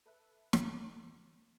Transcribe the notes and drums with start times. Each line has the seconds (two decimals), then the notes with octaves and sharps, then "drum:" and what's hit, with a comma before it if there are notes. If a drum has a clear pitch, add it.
0.06 A4 B4 E5 F#6
0.53 drum: snare